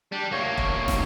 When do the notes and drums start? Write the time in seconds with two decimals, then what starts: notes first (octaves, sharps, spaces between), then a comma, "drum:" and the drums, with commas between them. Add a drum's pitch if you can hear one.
0.12 G3 D4
0.32 D2 A#3 C#5
0.58 drum: kick E1
0.88 drum: snare